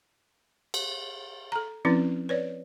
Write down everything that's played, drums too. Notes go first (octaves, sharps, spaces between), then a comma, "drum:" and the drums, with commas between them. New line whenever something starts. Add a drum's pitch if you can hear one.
drum: cymbal
A4 A#5
F3 C4 C#4 E4 B4
B4 C#5 D5